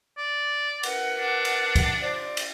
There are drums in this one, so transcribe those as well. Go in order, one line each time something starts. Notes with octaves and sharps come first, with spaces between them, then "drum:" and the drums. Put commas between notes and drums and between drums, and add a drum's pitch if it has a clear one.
D5
A#4 B4 F#5, drum: cymbal
D4
drum: cymbal
drum: kick, cymbal
C5 D5
drum: cymbal